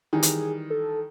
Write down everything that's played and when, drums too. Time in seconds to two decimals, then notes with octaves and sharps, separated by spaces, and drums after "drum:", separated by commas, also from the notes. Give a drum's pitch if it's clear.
0.13 D#3 E3 G3 G#4
0.23 drum: hi-hat
0.70 A4